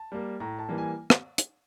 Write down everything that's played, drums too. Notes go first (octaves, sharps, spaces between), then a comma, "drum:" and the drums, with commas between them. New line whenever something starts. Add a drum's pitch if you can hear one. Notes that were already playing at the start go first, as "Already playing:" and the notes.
Already playing: A5
G3 A#3
A2 A#5
A5
E3 G3 A#3
G#5
drum: rim click
drum: hi-hat